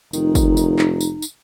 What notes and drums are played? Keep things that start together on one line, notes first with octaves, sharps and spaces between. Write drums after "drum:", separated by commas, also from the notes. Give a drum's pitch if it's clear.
F1 D#3 D#4, drum: tambourine
drum: kick, tambourine
drum: tambourine
drum: clap
drum: tambourine
drum: tambourine